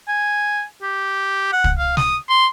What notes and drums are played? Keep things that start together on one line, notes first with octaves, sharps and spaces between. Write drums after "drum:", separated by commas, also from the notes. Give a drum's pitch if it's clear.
G#5
G4
F#5
drum: kick
F5
D#6, drum: snare
C6